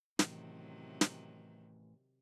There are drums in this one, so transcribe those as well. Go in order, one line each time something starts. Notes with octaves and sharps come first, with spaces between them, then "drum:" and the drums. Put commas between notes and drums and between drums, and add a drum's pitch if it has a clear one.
A2 C3 D#3 E3 F#3, drum: snare
drum: snare